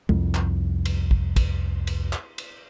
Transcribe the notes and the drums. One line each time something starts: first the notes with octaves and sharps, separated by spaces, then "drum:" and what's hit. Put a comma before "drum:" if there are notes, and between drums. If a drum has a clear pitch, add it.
C2 F2, drum: tom
drum: clap
drum: cymbal
drum: kick
drum: kick, cymbal
drum: cymbal
drum: clap
drum: cymbal